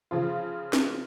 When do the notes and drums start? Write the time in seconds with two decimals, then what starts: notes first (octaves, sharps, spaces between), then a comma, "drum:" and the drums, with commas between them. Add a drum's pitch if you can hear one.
0.11 C#3 F3 F4
0.73 drum: snare